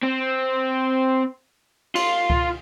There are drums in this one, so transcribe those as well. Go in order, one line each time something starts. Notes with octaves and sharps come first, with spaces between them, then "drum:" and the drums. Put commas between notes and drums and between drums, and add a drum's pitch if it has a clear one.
C4
F4, drum: cymbal
drum: kick C#2